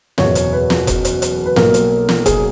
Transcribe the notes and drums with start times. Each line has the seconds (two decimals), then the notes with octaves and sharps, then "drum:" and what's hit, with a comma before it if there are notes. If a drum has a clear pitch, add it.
0.18 F#1 E2 B2 C#5, drum: snare
0.35 drum: hi-hat
0.53 B4
0.70 drum: snare
0.87 drum: kick F1, hi-hat
1.05 drum: hi-hat
1.22 drum: hi-hat
1.46 B4
1.56 B1 B2 A#3 A#4, drum: snare
1.74 drum: hi-hat
2.09 drum: snare
2.26 G#4, drum: kick F1, hi-hat